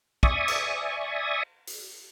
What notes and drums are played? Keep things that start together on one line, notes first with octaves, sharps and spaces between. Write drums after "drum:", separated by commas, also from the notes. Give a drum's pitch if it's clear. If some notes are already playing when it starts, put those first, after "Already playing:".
D5 E5 G#5 C#6 D#6, drum: kick
drum: cymbal
drum: open hi-hat